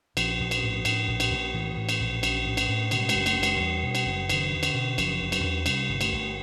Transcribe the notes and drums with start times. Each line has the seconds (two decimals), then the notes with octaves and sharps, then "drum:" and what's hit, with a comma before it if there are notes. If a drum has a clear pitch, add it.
0.17 A#1 F3, drum: cymbal
0.40 A#1
0.51 drum: cymbal
0.63 A2
0.85 A2, drum: cymbal
1.08 A#1
1.20 drum: cymbal
1.31 A#1
1.54 A2 E3
1.77 A2
1.89 drum: cymbal
2.00 A#1
2.23 A#1, drum: cymbal
2.46 A2
2.57 drum: cymbal
2.69 A2
2.91 B2 D#3, drum: cymbal
3.01 G3
3.09 G#3, drum: cymbal
3.15 F#1
3.26 A3, drum: cymbal
3.37 F#1
3.43 G#3, drum: cymbal
3.60 E2 G3
3.83 B2
3.95 drum: cymbal
4.06 F#1
4.29 F#1 D#3, drum: cymbal
4.52 E2
4.63 D3, drum: cymbal
4.74 B2
4.98 F#1 F3, drum: cymbal
5.20 F#1
5.32 F#3, drum: cymbal
5.44 E2
5.66 C3 G3, drum: cymbal
5.89 G1
6.01 A3, drum: cymbal
6.13 G1